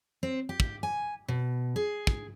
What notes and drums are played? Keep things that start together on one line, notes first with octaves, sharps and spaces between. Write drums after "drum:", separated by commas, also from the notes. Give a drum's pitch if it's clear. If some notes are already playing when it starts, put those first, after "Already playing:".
C4
G4
drum: kick
G#5
B2
G#4
drum: kick